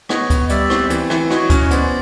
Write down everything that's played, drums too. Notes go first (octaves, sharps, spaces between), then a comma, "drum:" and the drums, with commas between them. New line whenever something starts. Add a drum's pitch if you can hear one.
B3 C#5 D#5, drum: rim click
B3, drum: kick D2, hi-hat
G3 D5 E5, drum: hi-hat
C4, drum: rim click
E3, drum: hi-hat
E3, drum: rim click
F#4 C#5 D#5, drum: rim click
C#4, drum: kick D2, hi-hat
B3 C5 D5, drum: hi-hat